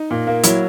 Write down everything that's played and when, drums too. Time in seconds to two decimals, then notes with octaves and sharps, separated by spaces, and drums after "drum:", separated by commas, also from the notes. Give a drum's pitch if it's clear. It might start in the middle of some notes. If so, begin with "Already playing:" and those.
Already playing: D#4
0.11 A#2
0.27 A#3
0.44 F#3 E4, drum: hi-hat